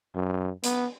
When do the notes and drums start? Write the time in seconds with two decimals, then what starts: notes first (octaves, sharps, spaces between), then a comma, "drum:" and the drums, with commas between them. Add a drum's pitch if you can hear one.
0.15 F#2
0.64 B3, drum: hi-hat